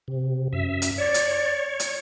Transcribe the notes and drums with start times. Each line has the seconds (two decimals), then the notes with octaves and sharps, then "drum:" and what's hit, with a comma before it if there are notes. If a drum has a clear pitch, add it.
0.08 C3
0.53 F#2 E5
0.82 drum: hi-hat
0.98 C#5 D5
1.14 drum: hi-hat
1.80 drum: hi-hat